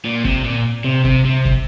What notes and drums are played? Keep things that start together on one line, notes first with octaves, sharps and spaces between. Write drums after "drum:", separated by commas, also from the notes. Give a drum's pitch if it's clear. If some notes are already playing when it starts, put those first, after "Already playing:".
A#2
C3, drum: kick
A#2
C3
C3, drum: kick
C3
drum: kick